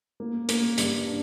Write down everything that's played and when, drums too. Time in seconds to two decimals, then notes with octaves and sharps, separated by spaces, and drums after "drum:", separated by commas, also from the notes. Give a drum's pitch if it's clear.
0.20 A#3
0.49 A#3, drum: hi-hat
0.78 G2, drum: hi-hat
1.07 D4